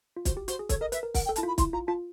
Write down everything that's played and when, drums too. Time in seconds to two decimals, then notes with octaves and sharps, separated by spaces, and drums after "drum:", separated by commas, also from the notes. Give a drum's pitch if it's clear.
0.16 F4
0.25 F#4 C5, drum: kick, hi-hat
0.37 G4
0.48 F#4 C5, drum: hi-hat
0.59 G#4
0.69 A4 C#5, drum: kick, hi-hat
0.81 A#4 D#5
0.92 B4 E5, drum: hi-hat
1.03 A#4
1.14 A#4 F#5, drum: kick, open hi-hat
1.25 G5
1.29 A4
1.36 E4 A5, drum: hi-hat
1.43 F4
1.47 B5
1.58 E4 C6, drum: kick, hi-hat
1.73 F4 A#5
1.87 F4 A5